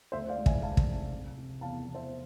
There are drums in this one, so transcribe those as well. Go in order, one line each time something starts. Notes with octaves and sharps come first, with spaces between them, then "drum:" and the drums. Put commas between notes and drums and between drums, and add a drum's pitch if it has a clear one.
D2 C5 E5
D5 F5
G#3
E5 G#5, drum: kick
D2 F5 A5
drum: kick
C3
C3
C3
E2 F5 A5
E2
C5 E5